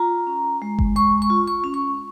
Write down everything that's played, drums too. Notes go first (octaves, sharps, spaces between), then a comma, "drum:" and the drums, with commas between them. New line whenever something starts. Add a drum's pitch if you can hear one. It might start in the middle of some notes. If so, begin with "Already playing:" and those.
Already playing: F4 A#5
C#4
G#3
drum: kick G1
G#3 C#6
C#6
F4
C#6
C#4
C#6